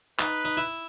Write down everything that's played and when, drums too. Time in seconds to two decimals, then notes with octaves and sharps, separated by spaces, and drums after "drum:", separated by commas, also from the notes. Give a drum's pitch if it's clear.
0.20 D#4 B4, drum: clap
0.45 D#4
0.57 E4